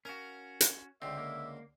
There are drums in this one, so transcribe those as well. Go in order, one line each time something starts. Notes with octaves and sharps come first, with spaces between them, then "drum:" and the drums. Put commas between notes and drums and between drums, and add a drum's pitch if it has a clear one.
C#4 F#4 A#4 F5
drum: hi-hat
C#2 D3 C4 E5
A#3